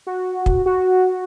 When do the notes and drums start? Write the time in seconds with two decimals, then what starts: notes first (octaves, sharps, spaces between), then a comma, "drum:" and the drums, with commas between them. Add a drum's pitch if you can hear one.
0.07 F#4
0.46 drum: kick
0.66 F#4